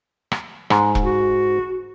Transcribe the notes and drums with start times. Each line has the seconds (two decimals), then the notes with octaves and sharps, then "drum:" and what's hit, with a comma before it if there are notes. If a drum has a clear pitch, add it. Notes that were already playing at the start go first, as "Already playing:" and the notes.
0.32 drum: rim click
0.70 G#2, drum: rim click
0.95 drum: kick E1
1.05 F#4